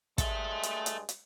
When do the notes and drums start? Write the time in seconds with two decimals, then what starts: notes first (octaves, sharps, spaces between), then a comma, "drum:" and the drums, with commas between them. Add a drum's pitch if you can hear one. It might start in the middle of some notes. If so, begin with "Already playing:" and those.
0.18 G2 G#3 A4 E5, drum: kick, hi-hat
0.63 drum: hi-hat
0.86 drum: hi-hat
1.09 drum: hi-hat